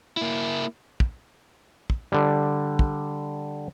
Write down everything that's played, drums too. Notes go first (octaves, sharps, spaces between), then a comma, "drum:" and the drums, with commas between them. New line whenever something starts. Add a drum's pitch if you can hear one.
A#3 E4
drum: kick
drum: kick
D3 G3
drum: kick